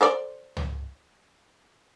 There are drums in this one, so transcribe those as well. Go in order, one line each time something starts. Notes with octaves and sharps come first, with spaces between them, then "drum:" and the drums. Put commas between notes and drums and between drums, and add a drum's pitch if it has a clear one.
A4 C5 D5
drum: tom C#2